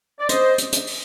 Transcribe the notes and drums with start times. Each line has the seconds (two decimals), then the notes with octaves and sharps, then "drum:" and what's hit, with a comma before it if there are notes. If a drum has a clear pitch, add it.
0.20 D5
0.29 C5 D#5, drum: hi-hat
0.58 drum: hi-hat
0.72 drum: hi-hat
0.87 drum: open hi-hat